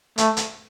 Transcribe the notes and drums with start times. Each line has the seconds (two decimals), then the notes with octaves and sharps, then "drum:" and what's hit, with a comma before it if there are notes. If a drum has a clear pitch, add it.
0.18 A3, drum: hi-hat
0.37 drum: hi-hat